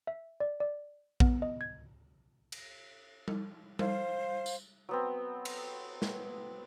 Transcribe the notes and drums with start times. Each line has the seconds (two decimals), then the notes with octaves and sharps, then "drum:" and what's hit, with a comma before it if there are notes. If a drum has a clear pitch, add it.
0.07 E5
0.40 D5
0.60 D5
1.20 B3, drum: kick A#1
1.42 D#5
1.61 G#6
2.52 drum: cymbal
3.28 drum: tom G3
3.79 C5 F5, drum: tom G3
4.46 drum: tambourine
4.89 F#3 B3 C4
5.45 drum: cymbal
6.02 drum: snare